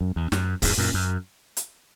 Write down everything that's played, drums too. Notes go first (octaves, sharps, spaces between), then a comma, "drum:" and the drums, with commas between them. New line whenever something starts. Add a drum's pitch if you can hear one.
F#2
E2
F#2, drum: snare
E2 G#2, drum: kick C#1, open hi-hat
F#2 A#2
F#2
drum: hi-hat